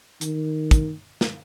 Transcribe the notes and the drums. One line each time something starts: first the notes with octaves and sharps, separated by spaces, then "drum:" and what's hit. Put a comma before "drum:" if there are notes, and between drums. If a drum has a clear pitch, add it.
D#3, drum: hi-hat
drum: kick, hi-hat
drum: snare